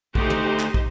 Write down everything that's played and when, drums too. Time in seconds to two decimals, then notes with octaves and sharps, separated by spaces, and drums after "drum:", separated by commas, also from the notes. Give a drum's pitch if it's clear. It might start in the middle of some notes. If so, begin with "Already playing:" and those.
0.15 D3 A3 D#4 G4 A4 C5, drum: kick
0.30 drum: tom
0.60 drum: clap
0.74 drum: kick